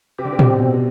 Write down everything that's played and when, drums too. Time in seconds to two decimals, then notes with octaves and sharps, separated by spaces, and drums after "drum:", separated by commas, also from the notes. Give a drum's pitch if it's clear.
0.19 C3 G4
0.25 D3
0.32 C3
0.39 C4, drum: tom
0.46 B2
0.59 B2
0.74 C3